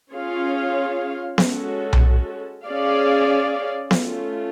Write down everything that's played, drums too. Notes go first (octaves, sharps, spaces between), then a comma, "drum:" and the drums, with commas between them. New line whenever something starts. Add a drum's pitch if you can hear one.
C#4 F4 G#4 C#5 F5
G#3 C#4 F#4 A4, drum: snare B3
drum: tom B1
C#4 G#4 D5 F5
A3 C#4 F4, drum: snare B3